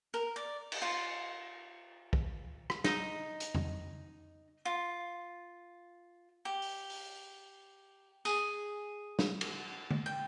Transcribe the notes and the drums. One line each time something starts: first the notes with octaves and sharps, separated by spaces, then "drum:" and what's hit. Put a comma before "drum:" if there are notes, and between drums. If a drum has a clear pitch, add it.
A#4
D5
drum: cymbal
F4
drum: kick
drum: rim click
D#4, drum: snare
drum: hi-hat
drum: tom F2
F4
G4
drum: open hi-hat
drum: open hi-hat
G#4, drum: tambourine
drum: snare
drum: cymbal
drum: tom D3
G5